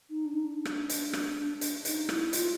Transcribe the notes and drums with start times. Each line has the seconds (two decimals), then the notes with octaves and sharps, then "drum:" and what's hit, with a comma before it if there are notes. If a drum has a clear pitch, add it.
0.10 D#4
0.26 D4
0.35 D#4
0.45 D4
0.65 drum: rim click
0.89 D4, drum: hi-hat
1.13 drum: rim click
1.61 drum: hi-hat
1.85 D#4, drum: hi-hat
2.09 E4, drum: rim click
2.33 F4, drum: hi-hat